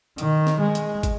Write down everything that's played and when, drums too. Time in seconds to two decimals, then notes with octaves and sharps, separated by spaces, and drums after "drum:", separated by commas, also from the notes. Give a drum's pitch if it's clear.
0.18 D#3, drum: hi-hat
0.47 drum: snare
0.60 G#3
0.75 drum: hi-hat
1.03 drum: kick, hi-hat